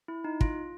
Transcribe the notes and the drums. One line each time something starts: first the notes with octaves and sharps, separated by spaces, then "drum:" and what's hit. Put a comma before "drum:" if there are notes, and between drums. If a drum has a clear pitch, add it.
E4
D#4
F4, drum: kick